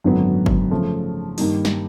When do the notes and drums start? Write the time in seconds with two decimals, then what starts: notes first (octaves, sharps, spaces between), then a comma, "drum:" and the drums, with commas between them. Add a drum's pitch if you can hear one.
0.04 G#1 F#2 D3 F#3 B3
0.46 drum: kick
0.71 C#3 F3 A3
1.38 G2 D#3 G3 A#3 D#4, drum: open hi-hat
1.65 drum: snare